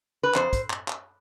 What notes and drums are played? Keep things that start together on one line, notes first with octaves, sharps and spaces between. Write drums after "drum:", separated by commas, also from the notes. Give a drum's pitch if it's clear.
B4
F2 C5, drum: clap
drum: kick, hi-hat
drum: clap
drum: clap